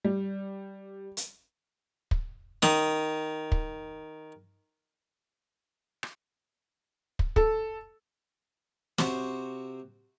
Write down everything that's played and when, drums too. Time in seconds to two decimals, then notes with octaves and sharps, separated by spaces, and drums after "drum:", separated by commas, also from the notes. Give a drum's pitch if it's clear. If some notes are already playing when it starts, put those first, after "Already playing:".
0.04 G3
1.17 drum: hi-hat
2.11 drum: kick
2.62 D#3 D#6, drum: snare
3.52 drum: kick
6.03 drum: rim click
7.19 drum: kick
7.36 A4, drum: kick
8.98 C3 F#4 C5, drum: snare